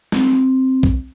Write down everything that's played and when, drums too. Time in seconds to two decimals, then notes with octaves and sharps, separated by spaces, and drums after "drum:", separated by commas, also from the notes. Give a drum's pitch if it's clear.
0.12 C4, drum: snare
0.83 drum: kick